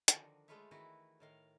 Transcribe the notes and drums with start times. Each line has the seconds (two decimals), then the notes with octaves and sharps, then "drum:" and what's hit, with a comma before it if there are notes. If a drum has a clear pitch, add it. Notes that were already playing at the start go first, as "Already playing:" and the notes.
0.08 D3 D#3 F3 F#4, drum: hi-hat
0.48 G#3 A3 F4 B4 C#5 E5
0.71 D#3 E3 E4 F#4 B4
1.20 A2 D#3 F5